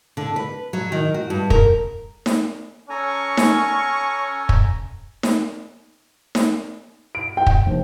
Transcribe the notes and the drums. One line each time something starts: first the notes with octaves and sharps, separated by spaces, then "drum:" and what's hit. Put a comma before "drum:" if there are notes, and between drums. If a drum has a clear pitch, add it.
D3
B4
F#3
D#3
F#4
G2
A#4, drum: kick
drum: snare D#4
C#4 A4 G#5 A#5 C#6
drum: snare D#4
drum: kick
drum: snare D#4
drum: snare D#4
D7
G5
drum: kick
F1